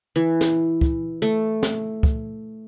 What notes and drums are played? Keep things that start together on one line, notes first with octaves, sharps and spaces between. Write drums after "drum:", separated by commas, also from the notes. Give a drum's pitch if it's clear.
E3
drum: snare
drum: kick C#2
A3
drum: snare
drum: kick C#2